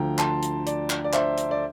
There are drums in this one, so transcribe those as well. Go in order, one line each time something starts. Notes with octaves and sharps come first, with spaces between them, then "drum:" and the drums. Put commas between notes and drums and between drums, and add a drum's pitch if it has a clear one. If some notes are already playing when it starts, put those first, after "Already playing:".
Already playing: D2 D3 F3 G5 A#5
A5 C6, drum: clap
drum: hi-hat
D5, drum: hi-hat
drum: clap
D5
C5 E5, drum: clap
drum: hi-hat
D5